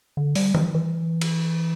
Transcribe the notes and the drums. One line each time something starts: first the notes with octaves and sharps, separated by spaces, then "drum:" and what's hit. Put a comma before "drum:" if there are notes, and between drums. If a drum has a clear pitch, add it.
D3
G3, drum: open hi-hat
E3, drum: tom
E3
drum: cymbal